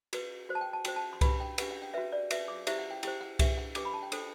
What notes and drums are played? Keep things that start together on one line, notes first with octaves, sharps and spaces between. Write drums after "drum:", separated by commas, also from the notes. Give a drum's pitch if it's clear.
F#4 B4, drum: cymbal
F#4 C5
A5
G5
A5
F#4 C5 G5, drum: cymbal
A5
C6
D4 G4 B4 B5, drum: kick C2, cymbal
G5
D4 G4 B4 F#5, drum: cymbal
F#5
G5
F#4 B4 E5
D5
F#4 B4 E5, drum: cymbal
D6
E4 G4 C5 E5, drum: cymbal
F#5
G5
E4 G4 C5 G5, drum: cymbal
F#5
D4 G4 B4 E5, drum: kick C2, cymbal
F#5
D4 G4 B4 D6, drum: cymbal
B5
A5
G5
D4 A4 C5, drum: cymbal